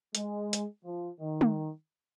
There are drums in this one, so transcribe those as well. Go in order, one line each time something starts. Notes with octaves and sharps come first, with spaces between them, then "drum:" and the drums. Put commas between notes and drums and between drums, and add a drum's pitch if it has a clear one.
G#3, drum: hi-hat
drum: hi-hat
F3
D#3
drum: tom